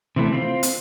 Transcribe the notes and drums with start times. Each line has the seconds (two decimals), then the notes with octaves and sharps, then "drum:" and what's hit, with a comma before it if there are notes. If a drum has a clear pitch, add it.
0.16 C3 E3 A3
0.33 C4 E4 F4
0.63 drum: hi-hat